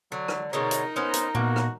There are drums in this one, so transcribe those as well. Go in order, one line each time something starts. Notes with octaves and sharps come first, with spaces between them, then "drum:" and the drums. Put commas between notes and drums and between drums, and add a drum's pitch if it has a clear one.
D3 F#3
drum: rim click
B2 D3 G#3 D#4 A#4 C#5
drum: hi-hat
B3 C#4 C5
drum: hi-hat
A#2 A#3 B3 F#4
drum: rim click